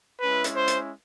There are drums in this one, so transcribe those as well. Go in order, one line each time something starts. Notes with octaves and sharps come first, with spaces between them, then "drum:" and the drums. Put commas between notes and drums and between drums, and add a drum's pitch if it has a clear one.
G#3 C#4 E4 B4
drum: hi-hat
C5
drum: hi-hat